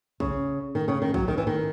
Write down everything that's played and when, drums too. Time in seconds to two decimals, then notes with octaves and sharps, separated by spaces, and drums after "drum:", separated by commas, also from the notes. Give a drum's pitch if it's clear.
0.20 C#3, drum: kick A#1
0.75 D#3
0.88 C#3
1.02 D#3
1.14 F#3, drum: kick A#1
1.28 D#3
1.38 E3
1.47 D#3